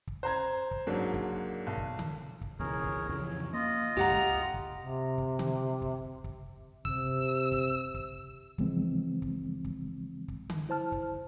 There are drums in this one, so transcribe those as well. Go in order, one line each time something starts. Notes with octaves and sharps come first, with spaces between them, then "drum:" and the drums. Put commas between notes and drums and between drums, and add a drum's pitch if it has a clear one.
drum: kick
C5 A#5 G#6
drum: kick
G#2 F#3 A#3 D4
drum: kick
B1
drum: kick
drum: tom D3
drum: kick
C#2 B2 E3 G#4 A#4 C#5
drum: kick
F2 C#3 E3 C#5
A#3 F4 D#5
C#2 G4 F#5 A#5
drum: kick
drum: kick
C3
drum: kick
drum: tom D3
drum: kick
drum: kick
C3 E6, drum: kick
drum: kick
drum: kick
C#3 E3 F3 G#3 B3 C4, drum: kick
drum: kick
drum: kick
drum: kick
drum: tom D3
E4 C5 A5 F6
drum: kick